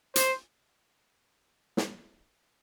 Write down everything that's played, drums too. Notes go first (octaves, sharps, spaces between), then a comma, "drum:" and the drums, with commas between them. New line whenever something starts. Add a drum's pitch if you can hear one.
C5, drum: hi-hat
drum: snare